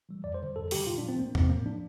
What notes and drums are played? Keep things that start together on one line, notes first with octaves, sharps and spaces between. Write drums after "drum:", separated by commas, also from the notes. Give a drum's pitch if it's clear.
E3 G3
F2 D5
C5
D3 G3
F2 A4
D3 G3 G4, drum: open hi-hat
A#2 F4
D4
F3
C4
A#2 A#3
F3 C4, drum: tom E2
A2 A#3
F3 D4